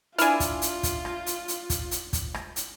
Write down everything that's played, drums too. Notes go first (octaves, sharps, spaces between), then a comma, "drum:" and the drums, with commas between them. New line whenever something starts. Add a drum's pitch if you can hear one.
D4 E4 F4 G#5 F6, drum: hi-hat
drum: kick, hi-hat
drum: hi-hat
drum: kick, hi-hat
drum: rim click
drum: hi-hat
drum: hi-hat
drum: kick, hi-hat
drum: hi-hat
drum: kick, hi-hat
drum: rim click
drum: hi-hat